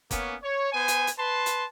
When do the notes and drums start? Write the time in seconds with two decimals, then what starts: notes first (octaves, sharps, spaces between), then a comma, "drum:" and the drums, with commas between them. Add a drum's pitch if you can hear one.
0.11 A#3 B3 C#4, drum: kick F#1, hi-hat
0.43 C#5
0.73 B3 C5 G#5
0.88 drum: hi-hat
1.07 drum: hi-hat
1.18 B4 A5 C6
1.46 drum: hi-hat